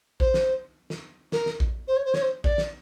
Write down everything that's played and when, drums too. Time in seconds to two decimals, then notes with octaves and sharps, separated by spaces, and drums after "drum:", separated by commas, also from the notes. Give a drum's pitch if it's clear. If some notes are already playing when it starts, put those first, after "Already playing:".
0.20 C5, drum: kick A#1
0.34 drum: snare
0.90 drum: snare
1.32 A#4, drum: snare
1.46 drum: snare
1.60 drum: kick A#1
1.88 C5
1.97 C#5
2.05 C5
2.14 C#5, drum: snare
2.22 C5
2.44 D5, drum: kick A#1
2.58 drum: snare